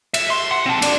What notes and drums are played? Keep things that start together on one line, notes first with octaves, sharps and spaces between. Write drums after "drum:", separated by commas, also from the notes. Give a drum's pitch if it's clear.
E5, drum: cymbal
C6
F#5
C4 A5
D4 D5, drum: cymbal